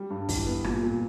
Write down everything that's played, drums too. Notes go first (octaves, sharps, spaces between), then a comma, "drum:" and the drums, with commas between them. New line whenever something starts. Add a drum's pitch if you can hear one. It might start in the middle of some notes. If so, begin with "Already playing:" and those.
Already playing: G3
G2
E3, drum: kick, open hi-hat
B3
A#2, drum: rim click
A#2